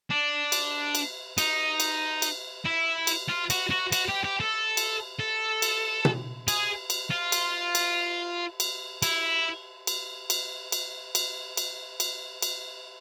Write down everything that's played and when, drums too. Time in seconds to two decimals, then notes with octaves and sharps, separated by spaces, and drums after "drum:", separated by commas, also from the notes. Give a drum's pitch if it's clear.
0.10 D4
0.52 drum: cymbal
0.95 drum: cymbal
1.38 D#4, drum: cymbal
1.80 drum: cymbal
2.22 drum: cymbal
2.65 E4
3.07 drum: cymbal
3.28 F4
3.50 F#4, drum: cymbal
3.70 F#4
3.92 F#4, drum: cymbal
4.09 G4
4.24 G4
4.40 A4
4.77 drum: cymbal
5.20 A4
5.62 drum: cymbal
6.05 drum: tom B2
6.48 G#4, drum: cymbal
6.90 drum: cymbal
7.10 F4
7.32 drum: cymbal
7.75 drum: cymbal
8.60 drum: cymbal
9.02 E4, drum: cymbal
9.87 drum: cymbal
10.30 drum: cymbal
10.72 drum: cymbal
11.15 drum: cymbal
11.57 drum: cymbal
12.00 drum: cymbal
12.42 drum: cymbal